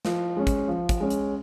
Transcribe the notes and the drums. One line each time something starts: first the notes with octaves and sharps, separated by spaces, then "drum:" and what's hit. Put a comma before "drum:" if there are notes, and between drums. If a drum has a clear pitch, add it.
F3, drum: snare
G#3 C#4
drum: kick, hi-hat
F3
drum: kick, hi-hat
G#3 C#4
drum: hi-hat